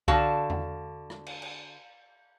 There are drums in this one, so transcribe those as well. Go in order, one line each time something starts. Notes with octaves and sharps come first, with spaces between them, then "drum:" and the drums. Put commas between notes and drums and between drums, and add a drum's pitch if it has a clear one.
D3 F#4 F5 A5, drum: kick C2
drum: tom E2
drum: rim click
drum: cymbal
drum: cymbal